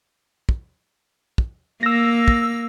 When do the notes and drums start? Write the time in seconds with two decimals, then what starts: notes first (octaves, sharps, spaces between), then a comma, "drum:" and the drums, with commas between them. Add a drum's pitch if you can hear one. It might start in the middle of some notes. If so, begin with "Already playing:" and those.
0.49 drum: kick
1.38 drum: kick
1.83 A#3 E6 A#6
2.28 drum: kick